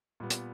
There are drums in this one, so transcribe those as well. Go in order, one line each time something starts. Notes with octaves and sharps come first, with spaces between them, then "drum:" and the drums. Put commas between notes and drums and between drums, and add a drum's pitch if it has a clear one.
A#2 G3 B3
drum: hi-hat